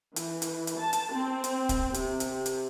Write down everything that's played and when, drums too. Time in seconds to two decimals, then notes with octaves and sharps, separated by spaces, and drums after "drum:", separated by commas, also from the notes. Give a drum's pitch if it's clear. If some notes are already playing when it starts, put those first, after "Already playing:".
0.16 E3, drum: hi-hat
0.42 drum: hi-hat
0.67 drum: hi-hat
0.79 A5
0.93 drum: hi-hat
1.13 C4
1.44 drum: hi-hat
1.69 drum: kick, hi-hat
1.94 C3, drum: hi-hat
2.20 drum: hi-hat
2.46 drum: hi-hat